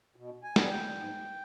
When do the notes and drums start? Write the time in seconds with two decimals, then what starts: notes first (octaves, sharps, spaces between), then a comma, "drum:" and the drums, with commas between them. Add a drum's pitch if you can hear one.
0.16 B2
0.43 G#5
0.56 G3 B3 G#5, drum: snare
0.70 G5
0.96 G#2